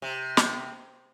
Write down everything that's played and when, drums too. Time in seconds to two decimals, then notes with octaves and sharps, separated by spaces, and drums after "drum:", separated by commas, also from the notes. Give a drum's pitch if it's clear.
0.02 C3
0.37 drum: snare